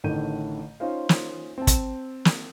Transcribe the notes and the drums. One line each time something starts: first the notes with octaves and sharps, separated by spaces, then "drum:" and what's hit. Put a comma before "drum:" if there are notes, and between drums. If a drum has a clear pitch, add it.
A1 A2 D3 D#3 G6 D#7
C#4 D#4 F4 C5 F5
drum: snare
C4 A5
drum: kick, hi-hat
drum: snare